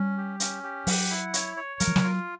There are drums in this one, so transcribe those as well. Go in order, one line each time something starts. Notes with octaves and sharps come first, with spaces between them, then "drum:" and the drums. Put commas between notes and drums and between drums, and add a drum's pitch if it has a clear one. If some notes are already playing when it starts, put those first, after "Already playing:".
Already playing: G3 C#4
G4
C#4, drum: hi-hat
G4
F#3 F#5, drum: open hi-hat
E4
C#5, drum: hi-hat
C#5
F#3 A#4, drum: hi-hat
F3
F#3, drum: snare
F4